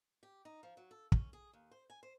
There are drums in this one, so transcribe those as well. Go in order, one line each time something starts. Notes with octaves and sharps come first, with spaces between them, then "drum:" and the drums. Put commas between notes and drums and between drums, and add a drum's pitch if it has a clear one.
G4
D#4
F3
F#3
A4
C#4, drum: kick
G#4
D#2
C5
G#5
C5